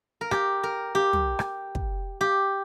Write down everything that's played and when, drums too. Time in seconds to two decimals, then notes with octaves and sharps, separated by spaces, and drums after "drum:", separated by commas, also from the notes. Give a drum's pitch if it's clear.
0.21 A#4
0.31 G4, drum: rim click
0.63 A#4
0.95 G4
1.13 drum: tom
1.39 drum: rim click
1.75 drum: kick
2.21 G4